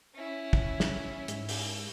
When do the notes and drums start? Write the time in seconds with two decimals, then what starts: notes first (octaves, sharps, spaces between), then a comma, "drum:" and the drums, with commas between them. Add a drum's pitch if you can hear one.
0.15 C#4 E4
0.53 drum: kick
0.80 drum: snare
1.28 G#2, drum: hi-hat
1.49 drum: open hi-hat